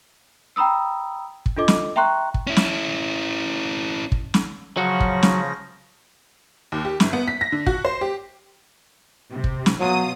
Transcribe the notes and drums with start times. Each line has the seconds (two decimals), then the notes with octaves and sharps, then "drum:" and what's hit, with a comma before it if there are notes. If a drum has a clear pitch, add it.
0.56 G5 A#5 B5 D#6 E6
1.46 drum: kick
1.57 D4 F4 A4 D#5 D6
1.68 drum: snare
1.96 E5 G5 A#5 C6 C#6 F#6
2.34 drum: kick
2.47 C#4 E4
2.57 drum: snare
4.12 drum: kick
4.34 drum: snare
4.77 C#3 F3 F#3 F#4 A#6
5.00 drum: kick
5.23 drum: snare
6.72 D#2
6.85 G4
7.00 G1, drum: snare
7.13 B3
7.28 B6
7.41 A#6
7.52 D3
7.66 F#4, drum: kick
7.85 C5
8.01 G4
9.31 C3
9.44 drum: kick
9.66 drum: snare
9.80 B2 F#3 F4 D#6